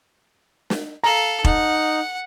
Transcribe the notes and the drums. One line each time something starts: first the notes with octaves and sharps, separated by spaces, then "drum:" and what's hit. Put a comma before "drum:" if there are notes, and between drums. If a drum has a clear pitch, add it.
drum: snare
A4 F5 A#5
D#4 F#5, drum: kick E1